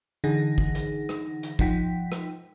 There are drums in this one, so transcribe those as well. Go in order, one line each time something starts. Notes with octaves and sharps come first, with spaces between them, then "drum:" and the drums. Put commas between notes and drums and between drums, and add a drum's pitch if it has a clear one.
D3 E3 D#4 G#4 F#5 A#6
drum: kick G#1
drum: hi-hat
drum: rim click
drum: hi-hat
F3 D#4 F#5 G5 B6, drum: kick G#1
drum: rim click